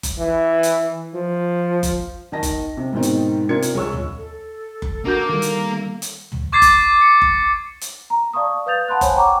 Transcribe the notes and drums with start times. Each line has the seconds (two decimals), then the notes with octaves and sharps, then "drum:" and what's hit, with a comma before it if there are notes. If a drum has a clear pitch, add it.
0.03 drum: kick F#1, hi-hat
0.19 E3
0.63 drum: hi-hat
1.15 F3
1.83 drum: kick F#1, hi-hat
2.32 D#3 D#5 A5 A#6
2.43 drum: kick F#1, hi-hat
2.77 C3
2.93 G#2 B2 D#3 C4 D#4
3.03 drum: hi-hat
3.49 C3 D4 F4 A#4 G#6 C#7
3.62 drum: hi-hat
3.75 C#2 G#3 C#5 C#6 E6
3.92 drum: tom
4.18 A4
4.82 drum: kick F#1
5.05 A#3 D4 F#4 G6
5.29 D#3 G3
5.42 drum: hi-hat
6.02 drum: hi-hat
6.32 drum: tom
6.52 C#6 D6 G#6 A6 C7
6.62 drum: kick F#1, hi-hat
7.01 C#7
7.22 drum: kick F#1
7.81 drum: hi-hat
8.10 A#5
8.33 D5 F5 A5 C#6 D#6
8.66 B4 F5 D#6 G6 A6 F7
8.88 F#5 A5 B5 C6 F#6
9.01 C5 C#5 G#5 A5, drum: kick F#1, hi-hat
9.15 F#5 G5 A#5 C#6 D6